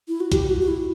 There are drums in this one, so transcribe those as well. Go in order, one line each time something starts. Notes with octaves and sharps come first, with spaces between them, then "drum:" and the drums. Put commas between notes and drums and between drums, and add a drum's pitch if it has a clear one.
E4
F#4
G4, drum: kick B1, hi-hat
F#4
F#4
E4